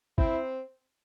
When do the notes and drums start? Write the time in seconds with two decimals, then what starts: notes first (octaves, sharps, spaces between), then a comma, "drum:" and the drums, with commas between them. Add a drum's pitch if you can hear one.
0.18 C4 E4, drum: kick